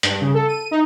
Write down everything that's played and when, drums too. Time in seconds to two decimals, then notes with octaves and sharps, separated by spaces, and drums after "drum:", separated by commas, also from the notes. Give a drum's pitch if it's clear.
0.03 G2, drum: hi-hat
0.21 C#3
0.34 A4
0.48 D#7
0.71 D#4